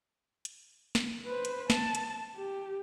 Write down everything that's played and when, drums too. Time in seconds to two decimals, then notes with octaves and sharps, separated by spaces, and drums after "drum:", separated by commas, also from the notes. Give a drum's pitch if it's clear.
0.45 drum: hi-hat
0.95 drum: snare
1.26 B4 C5
1.45 drum: hi-hat
1.70 A5, drum: snare
1.95 drum: hi-hat
2.36 G4